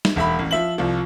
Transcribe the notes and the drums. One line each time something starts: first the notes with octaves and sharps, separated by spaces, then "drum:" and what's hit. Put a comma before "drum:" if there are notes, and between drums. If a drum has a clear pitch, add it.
drum: snare
E1 E5 B5
A1
F3 E5 F#7
C2 F3